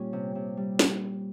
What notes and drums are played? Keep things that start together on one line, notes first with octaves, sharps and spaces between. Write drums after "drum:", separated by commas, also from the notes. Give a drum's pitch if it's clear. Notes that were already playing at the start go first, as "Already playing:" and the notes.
Already playing: A#2 G3 C#4
C3
C3
G3
drum: snare